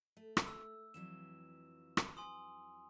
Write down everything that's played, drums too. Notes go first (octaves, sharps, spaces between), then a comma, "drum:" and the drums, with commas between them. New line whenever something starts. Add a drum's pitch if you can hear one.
A3
drum: rim click
E6
F2 E3 F#3 E7
drum: rim click
G#5 C6 D#6